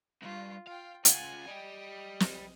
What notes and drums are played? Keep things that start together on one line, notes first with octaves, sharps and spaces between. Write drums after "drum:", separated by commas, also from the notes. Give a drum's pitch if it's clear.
C2 G2 F4
F4 F5 G5
C#3 F4 F#5 G#5, drum: hi-hat
G3 G4 D#5
drum: snare